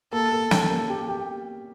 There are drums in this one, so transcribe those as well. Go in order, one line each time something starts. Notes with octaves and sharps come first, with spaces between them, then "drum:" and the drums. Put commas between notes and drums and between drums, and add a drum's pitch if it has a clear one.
A#3 A4
A#3
C#4, drum: snare
A#3
G4
G4